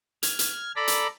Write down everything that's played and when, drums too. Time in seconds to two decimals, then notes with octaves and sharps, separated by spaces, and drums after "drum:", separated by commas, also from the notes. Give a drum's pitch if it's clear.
0.23 F6 G#6, drum: hi-hat
0.39 drum: hi-hat
0.76 A4 D5 A#5 B5
0.88 drum: hi-hat